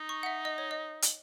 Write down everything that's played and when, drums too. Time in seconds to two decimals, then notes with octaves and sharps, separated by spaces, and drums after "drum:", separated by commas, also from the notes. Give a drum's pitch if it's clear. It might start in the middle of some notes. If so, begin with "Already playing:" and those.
Already playing: D#4
0.09 C#6
0.23 F#5
0.26 E5
0.45 D#5
0.58 C#5
0.71 D#5
1.02 drum: hi-hat